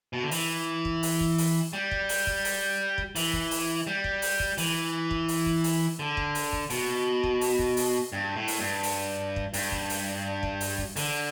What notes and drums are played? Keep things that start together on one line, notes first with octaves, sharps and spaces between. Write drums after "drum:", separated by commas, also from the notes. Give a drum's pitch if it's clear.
B2
D3
E3, drum: open hi-hat
drum: kick
drum: open hi-hat
drum: kick
drum: open hi-hat
G3
drum: kick
drum: open hi-hat
drum: kick
drum: open hi-hat
drum: kick
E3, drum: open hi-hat
drum: kick
drum: open hi-hat
G3
drum: kick
drum: open hi-hat
drum: kick
E3, drum: open hi-hat
drum: kick
drum: open hi-hat
drum: kick
drum: open hi-hat
D3
drum: kick
drum: open hi-hat
drum: kick
B2, drum: open hi-hat
drum: kick
drum: open hi-hat
drum: kick
drum: open hi-hat
G2
A2
drum: open hi-hat
G2
drum: open hi-hat
drum: kick
G2, drum: open hi-hat
drum: kick
drum: open hi-hat
drum: kick
drum: open hi-hat
drum: kick
D3, drum: open hi-hat